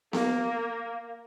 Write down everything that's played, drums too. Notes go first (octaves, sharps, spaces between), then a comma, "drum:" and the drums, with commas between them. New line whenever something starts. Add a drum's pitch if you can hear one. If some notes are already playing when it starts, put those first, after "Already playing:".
A#3, drum: snare B3